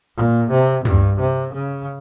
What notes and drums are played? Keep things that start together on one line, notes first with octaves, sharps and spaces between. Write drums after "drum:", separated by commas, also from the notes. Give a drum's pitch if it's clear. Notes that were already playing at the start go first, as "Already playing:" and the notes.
A#2
C3
G2, drum: tom
C3
C#3